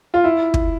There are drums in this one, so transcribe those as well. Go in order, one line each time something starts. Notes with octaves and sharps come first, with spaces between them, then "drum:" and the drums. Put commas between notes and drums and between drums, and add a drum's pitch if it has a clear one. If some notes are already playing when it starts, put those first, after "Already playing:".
F4
E4
drum: kick